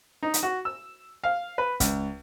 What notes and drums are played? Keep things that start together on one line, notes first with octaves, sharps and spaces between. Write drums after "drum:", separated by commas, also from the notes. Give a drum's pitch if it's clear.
D#4
drum: hi-hat
F#4
E6
F5
B4
C#2, drum: kick, hi-hat